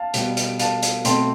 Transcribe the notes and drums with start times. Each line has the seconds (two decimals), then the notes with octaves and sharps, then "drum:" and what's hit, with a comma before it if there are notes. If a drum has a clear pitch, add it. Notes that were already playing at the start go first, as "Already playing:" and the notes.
Already playing: F5 A5
0.14 B2 G3 B3, drum: hi-hat
0.37 drum: hi-hat
0.59 F5 A5, drum: hi-hat
0.82 drum: hi-hat
1.05 B2 A3 C4 A5 C6, drum: hi-hat